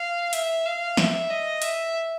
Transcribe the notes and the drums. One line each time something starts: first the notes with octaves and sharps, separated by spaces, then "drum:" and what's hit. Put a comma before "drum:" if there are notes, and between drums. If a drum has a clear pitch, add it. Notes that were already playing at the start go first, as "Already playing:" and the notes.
Already playing: F5
E5, drum: hi-hat
F5
E5, drum: snare
D#5
E5, drum: hi-hat